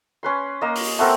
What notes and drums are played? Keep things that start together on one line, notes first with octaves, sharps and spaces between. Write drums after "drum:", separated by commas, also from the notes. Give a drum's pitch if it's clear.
C#4 B4 C6
A#3 D#5
drum: open hi-hat
A3 B3 C4 A#4